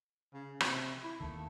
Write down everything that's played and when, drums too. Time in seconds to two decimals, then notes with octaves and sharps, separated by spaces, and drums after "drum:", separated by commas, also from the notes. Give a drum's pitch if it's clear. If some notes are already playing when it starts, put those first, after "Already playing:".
0.34 C#3
0.60 C3, drum: rim click
1.04 E4
1.20 D#2 D#3 A3